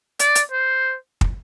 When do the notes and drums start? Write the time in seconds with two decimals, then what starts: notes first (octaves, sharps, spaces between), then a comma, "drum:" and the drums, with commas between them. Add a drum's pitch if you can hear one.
0.20 D5, drum: hi-hat
0.35 drum: hi-hat
0.51 C5
1.21 drum: kick